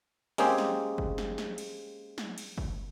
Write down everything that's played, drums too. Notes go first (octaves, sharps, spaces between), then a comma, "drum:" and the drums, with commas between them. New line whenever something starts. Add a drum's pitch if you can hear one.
G#3 A#3 C4 C#4 G4 G#4, drum: cymbal
drum: snare
drum: kick
drum: snare
drum: snare
drum: cymbal
drum: snare
drum: cymbal
drum: kick